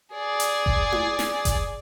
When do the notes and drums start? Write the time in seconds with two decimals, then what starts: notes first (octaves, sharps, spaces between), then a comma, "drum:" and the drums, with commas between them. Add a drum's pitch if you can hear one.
0.13 G#4 D5
0.40 drum: hi-hat
0.66 drum: kick F#1
0.92 drum: tom E4
1.19 drum: snare
1.45 drum: kick F#1, hi-hat